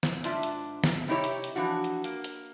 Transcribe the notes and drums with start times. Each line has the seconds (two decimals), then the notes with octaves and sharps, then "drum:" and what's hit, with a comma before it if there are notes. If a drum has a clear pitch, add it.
0.03 drum: snare
0.24 G#2 D4 F4 E5, drum: hi-hat
0.43 drum: hi-hat
0.84 drum: snare
1.08 C3 D#4 E4 G4 C#5
1.24 drum: hi-hat
1.44 drum: hi-hat
1.56 E3 F3 D4 F#4
1.84 drum: hi-hat
2.04 A#3, drum: hi-hat
2.24 drum: hi-hat